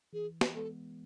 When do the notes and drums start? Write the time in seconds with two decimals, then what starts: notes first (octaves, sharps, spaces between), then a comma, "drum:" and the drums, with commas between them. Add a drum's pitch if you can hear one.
0.13 E3 G#4
0.41 drum: snare
0.55 G#3 B3 A4